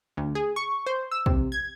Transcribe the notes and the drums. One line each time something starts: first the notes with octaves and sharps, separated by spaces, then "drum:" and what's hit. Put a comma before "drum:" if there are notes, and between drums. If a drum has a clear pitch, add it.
D2
G#4
C#6
C5
E6
C3, drum: kick
G#6